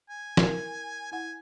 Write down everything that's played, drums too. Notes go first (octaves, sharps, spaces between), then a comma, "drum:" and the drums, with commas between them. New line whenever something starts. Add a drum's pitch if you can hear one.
G#5
E4 A#4, drum: snare
E4 F#5 G#5